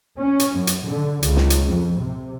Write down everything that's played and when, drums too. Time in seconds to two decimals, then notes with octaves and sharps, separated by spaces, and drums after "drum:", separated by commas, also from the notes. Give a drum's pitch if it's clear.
0.20 C#4
0.40 drum: hi-hat
0.57 F#2
0.67 drum: hi-hat
0.88 D3
1.23 C#2, drum: hi-hat
1.36 drum: snare
1.50 drum: hi-hat
1.70 F2
1.99 C3